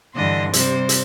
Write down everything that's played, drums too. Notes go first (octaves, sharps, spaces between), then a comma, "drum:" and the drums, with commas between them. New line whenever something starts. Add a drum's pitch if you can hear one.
G2 D3 E3 D4 D#5 C6
C3 G3 C5, drum: hi-hat
drum: hi-hat